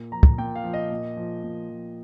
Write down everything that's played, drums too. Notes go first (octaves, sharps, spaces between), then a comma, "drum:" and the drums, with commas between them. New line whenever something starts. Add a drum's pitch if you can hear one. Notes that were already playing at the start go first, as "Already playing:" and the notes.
Already playing: A#2
F3 A#5
drum: kick
A#2 G5
F5
F3
D#5
A#2
F3
A#2
F3